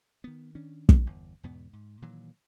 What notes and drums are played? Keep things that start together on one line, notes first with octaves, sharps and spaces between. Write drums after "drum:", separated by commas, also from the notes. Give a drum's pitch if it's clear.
D#3 B3
D#3 C#4 D4
drum: kick
G1 E2
E2 G#2 B2 B3
G#2
A#2 D#3 E3 F#3